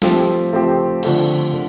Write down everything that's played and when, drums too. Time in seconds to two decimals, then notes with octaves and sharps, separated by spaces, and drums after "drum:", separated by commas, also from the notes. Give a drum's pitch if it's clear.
0.02 F3 A3 C4 G4, drum: snare
0.53 F3 A3 C4 G4
1.03 D3 F3 A3 C4 F4, drum: cymbal
1.53 D3